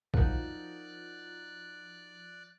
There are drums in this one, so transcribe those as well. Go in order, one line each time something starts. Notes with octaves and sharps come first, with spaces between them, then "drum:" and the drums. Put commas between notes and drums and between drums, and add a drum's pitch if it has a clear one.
F3 D#4 F#4 A#4 D5 F#6, drum: kick